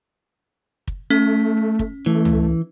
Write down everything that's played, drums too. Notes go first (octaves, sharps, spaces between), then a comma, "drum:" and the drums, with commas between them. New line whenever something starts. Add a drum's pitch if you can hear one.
drum: kick
A3 C#4
drum: kick
E3 A3
drum: tom C#2